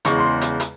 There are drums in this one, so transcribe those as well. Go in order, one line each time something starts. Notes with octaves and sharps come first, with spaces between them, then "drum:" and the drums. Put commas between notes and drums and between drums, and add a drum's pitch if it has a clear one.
E2 C#3 G#3 C#6, drum: hi-hat
C6
drum: hi-hat
drum: hi-hat